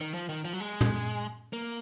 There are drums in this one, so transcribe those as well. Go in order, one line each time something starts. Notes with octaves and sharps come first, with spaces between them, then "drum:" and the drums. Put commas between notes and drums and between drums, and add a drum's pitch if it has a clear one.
D#3
F3
D#3
F3
F#3
G#3
drum: tom
A#3